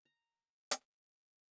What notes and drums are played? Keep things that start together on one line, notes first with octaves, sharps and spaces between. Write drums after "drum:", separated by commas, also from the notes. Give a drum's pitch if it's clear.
A#5
drum: hi-hat